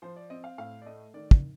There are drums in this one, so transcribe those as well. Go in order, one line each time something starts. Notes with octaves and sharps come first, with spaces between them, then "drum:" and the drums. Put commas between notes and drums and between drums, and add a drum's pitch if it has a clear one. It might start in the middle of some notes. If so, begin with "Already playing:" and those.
F3 C5
D5
C4 D#5
F5
A2 F5
D5
A3 D#5
D#3 D5
drum: kick